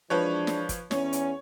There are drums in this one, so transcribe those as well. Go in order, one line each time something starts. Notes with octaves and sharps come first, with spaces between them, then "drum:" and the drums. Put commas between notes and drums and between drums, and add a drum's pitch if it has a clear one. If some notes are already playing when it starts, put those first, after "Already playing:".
E3 F3 G#3 D4 B4 C#5
drum: snare
drum: kick, hi-hat
E2 C#4 C#5, drum: snare
drum: hi-hat